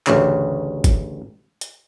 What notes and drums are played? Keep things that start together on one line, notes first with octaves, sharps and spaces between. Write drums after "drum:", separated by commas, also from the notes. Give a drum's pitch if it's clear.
A1 D2 C#3, drum: clap
drum: kick, hi-hat
drum: hi-hat